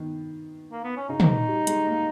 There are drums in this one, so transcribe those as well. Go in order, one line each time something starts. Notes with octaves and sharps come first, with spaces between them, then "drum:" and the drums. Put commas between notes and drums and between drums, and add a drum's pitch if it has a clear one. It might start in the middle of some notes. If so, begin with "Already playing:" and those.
Already playing: D#3 B3
A#3
B3
C#4
C#3 D#4
drum: tom
G3
G#3, drum: hi-hat
A#3